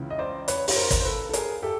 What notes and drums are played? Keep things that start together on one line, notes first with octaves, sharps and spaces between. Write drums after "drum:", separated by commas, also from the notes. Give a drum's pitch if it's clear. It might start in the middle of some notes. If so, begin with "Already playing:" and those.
Already playing: C#2 C#3 E3
D#5
C5 D5
B4 C#5, drum: hi-hat
C#5, drum: open hi-hat
A#4 C5
drum: kick, hi-hat
C5
A4 B4
A4
G#4 A#4, drum: hi-hat
G4 A4